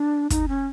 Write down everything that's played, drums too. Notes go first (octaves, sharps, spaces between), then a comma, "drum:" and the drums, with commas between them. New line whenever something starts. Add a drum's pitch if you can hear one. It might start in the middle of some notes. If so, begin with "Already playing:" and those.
Already playing: D4
D#4, drum: kick, hi-hat
C#4